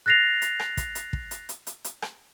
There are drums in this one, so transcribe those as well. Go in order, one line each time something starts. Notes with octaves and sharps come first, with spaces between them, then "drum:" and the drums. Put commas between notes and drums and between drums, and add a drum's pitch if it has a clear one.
F#6 A6 A#6 C7 F7
drum: hi-hat
drum: rim click
drum: kick, hi-hat
drum: hi-hat
drum: kick
drum: hi-hat
drum: hi-hat
drum: hi-hat
drum: hi-hat
drum: rim click